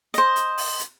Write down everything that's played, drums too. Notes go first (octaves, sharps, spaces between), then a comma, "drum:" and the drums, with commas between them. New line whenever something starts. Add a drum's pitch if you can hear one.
C5 D#5, drum: hi-hat
drum: hi-hat
drum: open hi-hat
drum: hi-hat